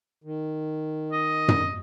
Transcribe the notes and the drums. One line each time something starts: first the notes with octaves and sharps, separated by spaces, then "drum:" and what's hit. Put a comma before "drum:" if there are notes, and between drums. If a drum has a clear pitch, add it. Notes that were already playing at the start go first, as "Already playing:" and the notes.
D#3
D#5
drum: tom